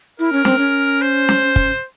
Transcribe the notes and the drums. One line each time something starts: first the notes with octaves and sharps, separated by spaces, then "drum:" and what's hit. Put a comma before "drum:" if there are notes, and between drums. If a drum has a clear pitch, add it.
E4 A#4
C#4
C4, drum: snare
C#4
C5
drum: snare
drum: kick